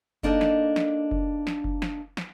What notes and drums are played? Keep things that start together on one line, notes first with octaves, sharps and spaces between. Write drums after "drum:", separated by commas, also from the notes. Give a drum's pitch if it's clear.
A#3 D4 D#4 A4 D#5, drum: kick F#1
drum: snare
drum: snare
drum: kick F#1
drum: snare
drum: kick F#1
drum: snare
drum: snare